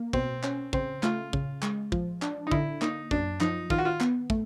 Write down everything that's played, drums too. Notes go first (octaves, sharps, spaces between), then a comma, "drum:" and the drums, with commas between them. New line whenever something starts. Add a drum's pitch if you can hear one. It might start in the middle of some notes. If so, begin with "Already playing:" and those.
Already playing: A#3
B2 C4, drum: kick
C#4, drum: clap
C#3 C4, drum: kick
A3 F4, drum: clap
C#3, drum: kick
G#3, drum: clap
F3, drum: kick
D4, drum: clap
D#4
D3 E4, drum: kick
A#3 D#4, drum: clap
F#2 D4, drum: kick
F3 D#4, drum: clap
D#3 F4, drum: kick
F#4
F4
B3, drum: clap
A3, drum: kick